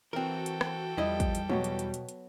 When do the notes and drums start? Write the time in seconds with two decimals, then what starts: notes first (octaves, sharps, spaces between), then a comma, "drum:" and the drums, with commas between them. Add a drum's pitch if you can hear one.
0.13 E3 C4 F#4 A4 A#4 G5
0.46 drum: hi-hat
0.61 drum: rim click
0.97 E2 F3 G3 E4 D#5
1.20 drum: kick, hi-hat
1.35 drum: hi-hat
1.49 B2 F#3 B3 F#4, drum: tom
1.64 drum: hi-hat
1.79 drum: hi-hat
1.94 drum: hi-hat
2.09 drum: hi-hat